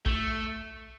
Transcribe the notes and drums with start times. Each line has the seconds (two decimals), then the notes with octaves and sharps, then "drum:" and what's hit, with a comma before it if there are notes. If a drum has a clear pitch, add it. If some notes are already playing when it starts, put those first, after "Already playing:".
0.06 A3, drum: kick